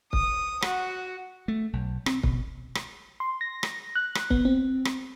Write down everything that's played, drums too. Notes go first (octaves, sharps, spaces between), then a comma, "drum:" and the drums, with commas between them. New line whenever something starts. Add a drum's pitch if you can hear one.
D#6, drum: kick
F#4, drum: rim click
A3
B1
C4, drum: rim click
B2, drum: kick
drum: rim click
C6
A#6
drum: rim click
F#6
drum: rim click
B3, drum: kick
C4
drum: rim click